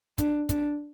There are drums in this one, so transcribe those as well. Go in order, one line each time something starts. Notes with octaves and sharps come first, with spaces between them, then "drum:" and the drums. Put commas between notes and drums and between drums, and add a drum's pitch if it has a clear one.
D4, drum: kick, hi-hat
D4, drum: kick, hi-hat